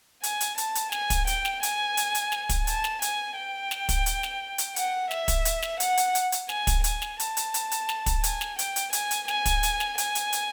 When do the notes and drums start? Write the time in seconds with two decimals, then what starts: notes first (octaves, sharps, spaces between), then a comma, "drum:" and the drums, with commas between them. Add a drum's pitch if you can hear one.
0.23 G#5, drum: hi-hat
0.41 drum: hi-hat
0.58 A5, drum: hi-hat
0.75 drum: hi-hat
0.92 G#5, drum: snare
1.10 drum: kick, hi-hat
1.27 G5, drum: hi-hat
1.45 drum: snare
1.63 G#5, drum: hi-hat
1.97 drum: hi-hat
2.15 drum: hi-hat
2.32 drum: snare
2.49 drum: kick, hi-hat
2.67 A5, drum: hi-hat
2.84 drum: snare
3.02 G#5, drum: hi-hat
3.37 G5
3.71 drum: snare
3.89 drum: kick, hi-hat
4.06 drum: hi-hat
4.23 drum: snare
4.58 drum: hi-hat
4.76 F#5, drum: hi-hat
5.11 E5, drum: snare
5.28 drum: kick, hi-hat
5.45 drum: hi-hat
5.63 drum: snare
5.80 F#5, drum: hi-hat
5.97 drum: hi-hat
6.15 drum: hi-hat
6.32 drum: hi-hat
6.49 G#5, drum: snare
6.67 drum: kick, hi-hat
6.84 G#5, drum: hi-hat
7.02 drum: snare
7.20 A5, drum: hi-hat
7.37 drum: hi-hat
7.54 drum: hi-hat
7.71 drum: hi-hat
7.89 drum: snare
8.06 drum: kick, hi-hat
8.24 G#5, drum: hi-hat
8.41 drum: snare
8.59 G5, drum: hi-hat
8.76 drum: hi-hat
8.93 G#5, drum: hi-hat
9.11 drum: hi-hat
9.28 G#5, drum: snare
9.46 drum: kick, hi-hat
9.63 drum: hi-hat
9.80 drum: snare
9.98 G#5, drum: hi-hat
10.15 drum: hi-hat
10.33 drum: hi-hat